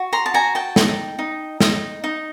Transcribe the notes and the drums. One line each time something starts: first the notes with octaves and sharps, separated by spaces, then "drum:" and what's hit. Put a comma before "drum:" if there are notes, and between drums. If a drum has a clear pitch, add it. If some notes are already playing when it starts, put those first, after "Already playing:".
Already playing: F#4
A#5 C6
A5
F#4 G#5 A#5
G5 A5
D#4, drum: snare
D#4
D#4, drum: snare
D#4